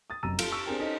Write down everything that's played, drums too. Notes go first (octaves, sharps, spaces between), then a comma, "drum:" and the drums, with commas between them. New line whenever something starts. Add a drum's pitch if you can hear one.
D#6 A6
F1 F#2 A#5 E6 A6 D#7
F4 A4, drum: cymbal
C#6 E6
C4 D4 G#4 A#4 G5
C#4 D#4 A4 C5 D#5